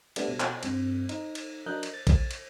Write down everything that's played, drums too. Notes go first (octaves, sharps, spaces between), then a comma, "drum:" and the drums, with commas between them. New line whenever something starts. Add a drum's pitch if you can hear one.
G3 A3 B3 D4, drum: cymbal
B2
drum: clap
G2 C4, drum: cymbal
D#4, drum: cymbal
drum: cymbal
F#3 D4 A#4 D#5 F#6 G6
drum: cymbal
A6
drum: kick A#1, cymbal
drum: cymbal